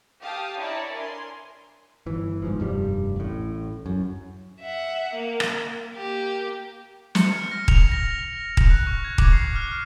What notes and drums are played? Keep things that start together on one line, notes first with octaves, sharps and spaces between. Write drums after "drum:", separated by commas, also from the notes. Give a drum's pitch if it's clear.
G4 F5 G5 A5 D#6
D4 E4 C#5 D5 A5 A#5
A#4 G#5 C6
G1 E3
E2 G#2 F3
F1 G2 G3
A1 A2
F#2
E5 F#5
A#3
drum: rim click
A#3 G4
C#7, drum: snare
F6
A#6
F7, drum: kick D#1
A#6
A#6
drum: kick D#1
F#6
C#6
G#6
D6, drum: kick D#1
C7
F6